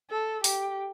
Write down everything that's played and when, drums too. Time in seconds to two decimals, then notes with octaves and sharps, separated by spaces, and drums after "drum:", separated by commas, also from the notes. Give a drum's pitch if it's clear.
0.10 A4
0.44 G4, drum: open hi-hat